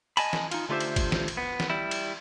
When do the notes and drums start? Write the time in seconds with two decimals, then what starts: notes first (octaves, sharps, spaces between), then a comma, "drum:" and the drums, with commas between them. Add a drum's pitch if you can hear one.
0.17 D#5 G#5 A5 B5, drum: cymbal
0.33 drum: snare
0.51 D#4 F4, drum: cymbal
0.69 D3 A3 F4 G4 C5 E5
0.80 drum: cymbal
0.96 drum: kick, cymbal
1.12 drum: snare
1.28 drum: cymbal
1.37 B3
1.60 drum: snare
1.70 G3 E4
1.91 drum: cymbal